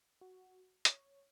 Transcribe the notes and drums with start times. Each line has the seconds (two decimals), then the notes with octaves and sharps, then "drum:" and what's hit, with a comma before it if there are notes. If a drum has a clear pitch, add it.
0.21 F#4
0.85 C#5, drum: hi-hat